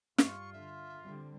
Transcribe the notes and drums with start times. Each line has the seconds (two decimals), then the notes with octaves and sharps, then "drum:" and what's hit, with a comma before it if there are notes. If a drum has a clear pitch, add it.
0.18 G2 G3 F4 C#6, drum: snare
0.53 D3 E5
1.03 D3 G3 C4